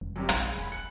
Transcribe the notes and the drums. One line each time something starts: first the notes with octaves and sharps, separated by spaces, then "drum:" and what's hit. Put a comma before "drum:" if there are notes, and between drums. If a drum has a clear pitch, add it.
F1
F#2 C3 G3
A#1 G#3, drum: hi-hat
E1 G#5 B5
F#6 C#7